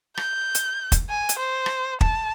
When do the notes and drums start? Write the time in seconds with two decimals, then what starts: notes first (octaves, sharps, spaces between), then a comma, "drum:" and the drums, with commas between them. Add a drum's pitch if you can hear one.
0.17 G6, drum: rim click
0.55 drum: hi-hat
0.92 drum: kick, hi-hat
1.10 G#5
1.29 drum: hi-hat
1.38 C5
1.66 drum: rim click
2.01 A5, drum: kick